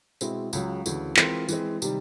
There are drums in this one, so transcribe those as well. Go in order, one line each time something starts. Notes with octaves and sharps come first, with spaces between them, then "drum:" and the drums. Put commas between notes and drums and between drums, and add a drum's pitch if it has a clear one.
B2 G#3 C4 E4, drum: tambourine
C#2 C#3 F#3, drum: tambourine
D2 C#3 E3, drum: tambourine
E3 G#3 C4 F4 A#4, drum: clap
E3 G#3 C4, drum: tambourine
C3 D#3 G3, drum: tambourine